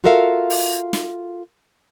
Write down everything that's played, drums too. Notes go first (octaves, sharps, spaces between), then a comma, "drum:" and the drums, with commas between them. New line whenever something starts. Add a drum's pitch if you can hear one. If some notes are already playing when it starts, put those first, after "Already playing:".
F4 F#4 A4 A#4 E5 F5
drum: open hi-hat
drum: snare